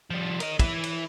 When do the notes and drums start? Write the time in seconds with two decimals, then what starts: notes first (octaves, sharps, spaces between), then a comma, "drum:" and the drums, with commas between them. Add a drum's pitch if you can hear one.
0.11 F3 G3
0.40 A#4 D#5, drum: cymbal
0.59 E3 E4, drum: kick, cymbal
0.83 drum: cymbal